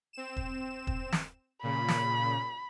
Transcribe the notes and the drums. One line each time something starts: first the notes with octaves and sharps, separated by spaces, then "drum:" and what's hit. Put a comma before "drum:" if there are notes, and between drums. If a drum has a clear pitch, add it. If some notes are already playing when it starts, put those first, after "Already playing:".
C4 E7
drum: kick
drum: kick
drum: snare
A#2 C#3 B5
drum: snare